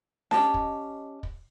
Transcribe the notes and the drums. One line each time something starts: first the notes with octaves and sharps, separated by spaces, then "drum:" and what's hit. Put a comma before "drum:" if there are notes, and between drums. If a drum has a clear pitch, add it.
C#4 G4 D#5 A5, drum: snare D4
drum: kick
drum: kick